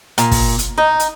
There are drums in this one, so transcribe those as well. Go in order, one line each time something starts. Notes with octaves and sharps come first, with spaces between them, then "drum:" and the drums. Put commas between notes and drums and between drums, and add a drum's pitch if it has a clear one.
A#2, drum: hi-hat
drum: kick, open hi-hat
drum: hi-hat
D#4
drum: hi-hat